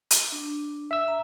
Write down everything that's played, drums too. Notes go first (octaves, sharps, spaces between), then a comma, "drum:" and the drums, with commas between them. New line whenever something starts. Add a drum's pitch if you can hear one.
drum: hi-hat
D4
E5 E6
A#5